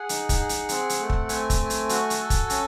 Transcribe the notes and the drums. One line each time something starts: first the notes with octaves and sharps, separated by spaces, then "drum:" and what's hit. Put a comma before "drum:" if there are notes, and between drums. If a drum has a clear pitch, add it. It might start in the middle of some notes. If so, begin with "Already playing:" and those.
Already playing: G#4 F#5
D#4, drum: hi-hat
drum: kick, hi-hat
G#4
drum: hi-hat
C4, drum: hi-hat
drum: hi-hat
A3
drum: kick
C4 G#5, drum: hi-hat
drum: kick, hi-hat
A3
drum: hi-hat
F#4, drum: hi-hat
drum: hi-hat
A4
drum: kick, hi-hat
C#4 G#5, drum: hi-hat